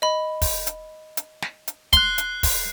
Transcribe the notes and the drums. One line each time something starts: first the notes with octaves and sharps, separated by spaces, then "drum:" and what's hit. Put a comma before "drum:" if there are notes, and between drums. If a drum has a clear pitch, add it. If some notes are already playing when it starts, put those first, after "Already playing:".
D#5 B5
drum: kick, open hi-hat
drum: hi-hat
drum: hi-hat
drum: snare
drum: hi-hat
C6 F#6 C7, drum: kick, hi-hat
drum: hi-hat
drum: kick, open hi-hat